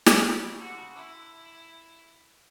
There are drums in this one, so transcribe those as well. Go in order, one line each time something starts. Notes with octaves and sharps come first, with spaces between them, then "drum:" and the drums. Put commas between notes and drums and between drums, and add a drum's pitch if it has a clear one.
drum: snare
D3 G4
C#3
D3 F#4
D3
C#3
D3 E4